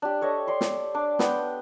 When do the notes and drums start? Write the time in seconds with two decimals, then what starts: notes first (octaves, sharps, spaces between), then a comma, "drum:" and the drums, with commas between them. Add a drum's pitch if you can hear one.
0.02 D4 G4
0.21 A4 C#5 D#5
0.47 D5 C6 C#6
0.61 drum: snare
0.94 D4 D6
1.19 B3 G5, drum: snare